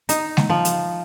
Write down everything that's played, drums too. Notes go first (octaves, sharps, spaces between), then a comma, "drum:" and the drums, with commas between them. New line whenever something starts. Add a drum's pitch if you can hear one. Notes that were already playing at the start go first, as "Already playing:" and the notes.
D#4, drum: hi-hat
drum: snare G#3
F3
drum: hi-hat